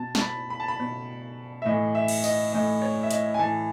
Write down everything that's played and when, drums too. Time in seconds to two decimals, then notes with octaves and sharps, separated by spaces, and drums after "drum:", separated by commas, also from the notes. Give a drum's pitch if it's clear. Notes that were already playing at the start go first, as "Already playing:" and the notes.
Already playing: B2 A5
0.15 A5, drum: snare
0.21 B5
0.50 B5
0.60 A5
0.68 B5
0.80 B2
1.62 E5
1.65 A2 E3 D#5
1.95 E5
2.08 drum: cymbal
2.24 D#5, drum: tambourine
2.52 A2 E3 D#5
2.82 C#5
3.03 E5
3.11 D#5, drum: hi-hat
3.34 G#5
3.39 A2 E3 A5